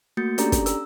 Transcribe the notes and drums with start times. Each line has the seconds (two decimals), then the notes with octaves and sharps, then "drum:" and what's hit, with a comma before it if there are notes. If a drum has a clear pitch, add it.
0.17 A3 A#3 F#4 G6 A6 C#7
0.38 C#4 D4 G4 A4 D5 A#5, drum: hi-hat
0.52 drum: kick, hi-hat
0.66 E6, drum: hi-hat